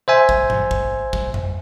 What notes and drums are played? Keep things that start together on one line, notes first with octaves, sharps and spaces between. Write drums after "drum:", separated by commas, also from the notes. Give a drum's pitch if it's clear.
C5 E5 G#5
drum: kick
drum: tom G2
drum: kick
drum: kick
drum: tom F2